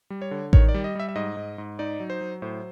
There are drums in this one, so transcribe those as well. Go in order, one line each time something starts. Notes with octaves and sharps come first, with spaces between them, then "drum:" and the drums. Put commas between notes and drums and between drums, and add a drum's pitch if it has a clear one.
G3
C#5
D3
D#3 C#5, drum: kick A1
D5
G3
D#5
G3 E5
E5
G#2 D#5
G#2
G#2
D#4 D5
F#3
C5
F#3
A2 C5